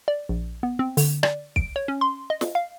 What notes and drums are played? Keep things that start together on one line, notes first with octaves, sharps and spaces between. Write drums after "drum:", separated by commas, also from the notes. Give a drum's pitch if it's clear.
D5
A#1
B3
C4
D3, drum: open hi-hat
D5, drum: rim click
D7, drum: kick
C#5
C#4
C6
D#5
drum: snare
F5